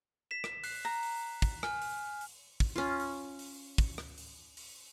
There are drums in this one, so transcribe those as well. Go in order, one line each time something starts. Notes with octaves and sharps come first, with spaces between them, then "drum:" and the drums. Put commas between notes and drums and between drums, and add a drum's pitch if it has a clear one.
B6 E7
drum: rim click
F#6 C7, drum: open hi-hat
A#5
drum: open hi-hat
drum: kick, open hi-hat
G#5 F6, drum: rim click
drum: open hi-hat
drum: open hi-hat
drum: kick, open hi-hat
C#4 F4
drum: open hi-hat
drum: open hi-hat
drum: kick, open hi-hat
drum: rim click
drum: open hi-hat
drum: open hi-hat